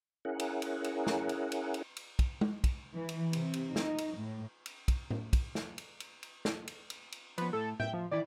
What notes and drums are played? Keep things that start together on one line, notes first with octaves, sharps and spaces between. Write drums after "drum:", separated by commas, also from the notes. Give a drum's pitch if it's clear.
C#4 E4 G#4 A#4 F#5
drum: cymbal
drum: cymbal
drum: cymbal
drum: snare
drum: cymbal
drum: cymbal
drum: cymbal
drum: cymbal
drum: kick, cymbal
drum: tom G#3
drum: kick, cymbal
E3
drum: cymbal
C3, drum: cymbal
drum: cymbal
D#4, drum: snare
drum: cymbal
A2
drum: cymbal
drum: kick, cymbal
drum: tom A2
drum: kick, cymbal
drum: snare
drum: cymbal
drum: cymbal
drum: cymbal
drum: snare
drum: cymbal
drum: cymbal
drum: cymbal
F3 B3 B4, drum: cymbal
A2 A4
E5 G5, drum: tom A2
F3
D#3 E3 E4 D5